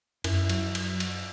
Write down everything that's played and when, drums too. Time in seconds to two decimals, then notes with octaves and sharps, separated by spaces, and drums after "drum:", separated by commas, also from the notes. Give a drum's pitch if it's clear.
0.24 F#2 E4, drum: cymbal
0.49 F#3, drum: cymbal
0.75 drum: cymbal
1.00 drum: cymbal